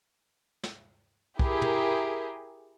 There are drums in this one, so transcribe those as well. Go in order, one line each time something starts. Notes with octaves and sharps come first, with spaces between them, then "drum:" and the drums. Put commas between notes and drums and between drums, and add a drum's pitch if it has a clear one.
drum: snare
E4 G4 G#4 A#4, drum: kick B1
drum: tom